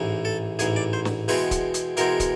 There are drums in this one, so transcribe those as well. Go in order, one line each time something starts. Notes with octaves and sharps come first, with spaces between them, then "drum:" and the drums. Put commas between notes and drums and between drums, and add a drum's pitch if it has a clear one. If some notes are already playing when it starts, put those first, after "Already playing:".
Already playing: A1 G#2 E3
A4
A1 G#2 E3 G#4, drum: hi-hat
D5
C5
drum: snare
E2 B2 G#3 C4 B4, drum: open hi-hat
drum: kick, hi-hat
drum: hi-hat
E2 B2 G#3 C4 A#4, drum: hi-hat
drum: kick, hi-hat